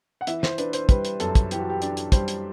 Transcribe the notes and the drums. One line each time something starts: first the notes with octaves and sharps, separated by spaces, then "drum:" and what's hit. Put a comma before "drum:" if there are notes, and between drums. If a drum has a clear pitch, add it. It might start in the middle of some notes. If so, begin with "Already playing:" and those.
F#5
E3 E5, drum: hi-hat
C5, drum: snare
D4 B4, drum: hi-hat
C5, drum: hi-hat
G3 B4, drum: kick, hi-hat
drum: hi-hat
F#2 A4, drum: hi-hat
drum: kick, hi-hat
E3 G4, drum: hi-hat
F#4
G4
D4, drum: hi-hat
drum: hi-hat
G3 C5, drum: kick, hi-hat
drum: hi-hat